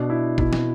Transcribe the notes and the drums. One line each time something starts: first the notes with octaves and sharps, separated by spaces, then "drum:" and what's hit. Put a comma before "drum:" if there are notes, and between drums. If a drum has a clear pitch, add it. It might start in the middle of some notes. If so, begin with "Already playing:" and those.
Already playing: B2 D4
E4
B2 E4, drum: kick
drum: snare